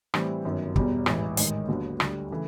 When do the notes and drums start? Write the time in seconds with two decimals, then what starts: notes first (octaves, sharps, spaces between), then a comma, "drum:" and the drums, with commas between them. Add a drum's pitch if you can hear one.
0.14 A2 E3 G3 C4, drum: rim click
0.45 G1 F#2 D#3 F#3
0.76 E1 E2 B2 G3, drum: kick
1.06 A1 G#2 E3, drum: rim click
1.37 A1 G#2 D#3 G#3, drum: hi-hat
1.68 D#2 D3 F#3 B3
2.00 D2 D3 G3, drum: rim click
2.31 C#3 E3 A3